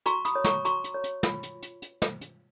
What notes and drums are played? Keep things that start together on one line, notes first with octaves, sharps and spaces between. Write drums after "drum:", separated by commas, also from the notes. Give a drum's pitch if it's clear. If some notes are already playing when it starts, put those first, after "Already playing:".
F#4 A#5 C#6, drum: hi-hat
B5 D#6, drum: hi-hat
C#5
A#5 C#6, drum: snare
F#4 A#5 C#6, drum: hi-hat
drum: hi-hat
C#5
drum: hi-hat
F4, drum: snare
drum: hi-hat
drum: hi-hat
drum: hi-hat
drum: snare
drum: hi-hat